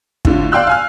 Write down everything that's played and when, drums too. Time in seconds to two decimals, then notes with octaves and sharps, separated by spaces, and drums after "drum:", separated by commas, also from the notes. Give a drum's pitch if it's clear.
0.25 A2 D3 F4, drum: kick
0.52 D5 F5 G5 C6 E6 F#6
0.67 F5 G#5 F6